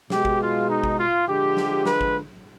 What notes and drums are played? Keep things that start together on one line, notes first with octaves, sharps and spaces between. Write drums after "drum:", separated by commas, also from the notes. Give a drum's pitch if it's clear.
B2 G#3 G4, drum: snare
drum: kick
F4
D#4
drum: kick
F4
D3 F3 G#3 G4
drum: snare
B4, drum: snare
drum: kick